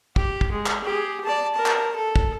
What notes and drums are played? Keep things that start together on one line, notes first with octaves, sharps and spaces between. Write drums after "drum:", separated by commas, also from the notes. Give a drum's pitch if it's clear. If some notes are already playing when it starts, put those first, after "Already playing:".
G4, drum: kick
drum: kick
G#3
drum: clap
G4 G#4
D5 A5
A#4 A5
drum: clap
A4
drum: kick